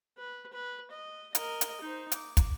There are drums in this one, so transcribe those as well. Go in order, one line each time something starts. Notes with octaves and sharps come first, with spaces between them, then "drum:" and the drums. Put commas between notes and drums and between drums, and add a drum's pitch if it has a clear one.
B4
B4
D#5
A#4 D#5, drum: hi-hat
drum: hi-hat
D#4 C5
D6, drum: hi-hat
drum: kick, hi-hat